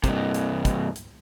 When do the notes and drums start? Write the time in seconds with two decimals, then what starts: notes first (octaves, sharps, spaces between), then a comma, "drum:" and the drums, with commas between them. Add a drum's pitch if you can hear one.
0.04 G2 C3, drum: kick, hi-hat
0.34 drum: hi-hat
0.65 drum: kick, hi-hat
0.96 drum: hi-hat